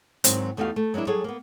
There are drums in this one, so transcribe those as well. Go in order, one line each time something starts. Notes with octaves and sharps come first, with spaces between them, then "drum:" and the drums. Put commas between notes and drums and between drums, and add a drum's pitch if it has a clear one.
G#2 D#3 F#3 C4, drum: hi-hat
E2 A3 D#4 F#4 G4 F5
A3
F#3 G#3 A#3 D4 E4
F#3 G3 G#4 A4 C#5
A#3 B3